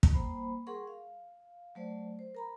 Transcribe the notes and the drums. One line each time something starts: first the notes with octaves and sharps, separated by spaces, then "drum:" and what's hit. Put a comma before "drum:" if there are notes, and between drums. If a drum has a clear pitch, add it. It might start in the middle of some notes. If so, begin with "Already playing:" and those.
drum: kick
G3 A#3 C5 B5
G3 G#4 A#4 F#5 C6 C#6
F5
F#3 A3 C5 D5
C5
A#4 A#5 B5